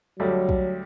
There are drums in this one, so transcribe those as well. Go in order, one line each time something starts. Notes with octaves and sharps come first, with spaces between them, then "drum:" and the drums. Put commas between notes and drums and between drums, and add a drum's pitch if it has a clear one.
D2 F#3 G3 A3
drum: kick